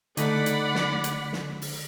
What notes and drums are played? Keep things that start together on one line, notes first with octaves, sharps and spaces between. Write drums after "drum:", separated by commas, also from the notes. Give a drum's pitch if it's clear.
D3 A3 D#4 D5 F#5 B5, drum: hi-hat
drum: hi-hat
drum: snare
drum: hi-hat
drum: snare
drum: open hi-hat